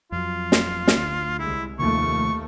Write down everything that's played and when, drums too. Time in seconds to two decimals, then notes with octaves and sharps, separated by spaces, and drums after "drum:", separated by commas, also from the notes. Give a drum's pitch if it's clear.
0.12 F2 F#3 F4
0.52 drum: snare
0.88 drum: snare
0.97 D2
1.39 C2 G#3 E4
1.79 D#2 C3 D#3 F3 A3 A#3 C#6